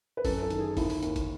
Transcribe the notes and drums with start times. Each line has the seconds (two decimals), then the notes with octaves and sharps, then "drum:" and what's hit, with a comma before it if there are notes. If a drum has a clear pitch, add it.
0.17 B4
0.25 F#2 A4, drum: kick, open hi-hat
0.42 A4
0.50 D#3, drum: hi-hat
0.59 G#4
0.77 D#2 E4, drum: kick, open hi-hat
0.90 drum: open hi-hat
1.03 D#2, drum: hi-hat
1.16 drum: kick, hi-hat